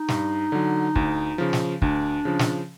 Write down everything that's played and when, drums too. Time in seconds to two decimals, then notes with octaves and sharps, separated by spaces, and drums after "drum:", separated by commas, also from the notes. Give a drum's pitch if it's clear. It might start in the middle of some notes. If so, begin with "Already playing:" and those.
Already playing: D#4
0.08 G2, drum: snare
0.52 D3 F#3
0.96 D2, drum: kick
1.38 C#3 F3
1.53 drum: snare
1.82 D2 D4, drum: kick
2.25 C#3 F3
2.39 drum: snare